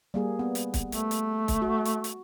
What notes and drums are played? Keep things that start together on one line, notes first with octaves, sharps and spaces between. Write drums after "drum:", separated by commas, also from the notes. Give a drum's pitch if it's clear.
G3 A#3 G#4
B3
drum: hi-hat
drum: kick, hi-hat
A3, drum: hi-hat
drum: hi-hat
drum: kick, hi-hat
F#4
drum: hi-hat
drum: hi-hat